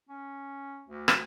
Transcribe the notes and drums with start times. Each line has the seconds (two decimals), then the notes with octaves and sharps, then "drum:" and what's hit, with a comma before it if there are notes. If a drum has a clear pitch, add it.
0.09 C#4
0.89 D2
1.08 drum: rim click